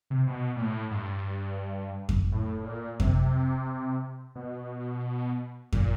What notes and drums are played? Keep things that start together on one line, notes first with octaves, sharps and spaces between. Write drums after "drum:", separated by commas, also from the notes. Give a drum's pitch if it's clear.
C3
B2
A#2
A2
G#2
G2
drum: kick F2
A2
A2
A#2
C3, drum: kick F2
B2
A#2, drum: kick F2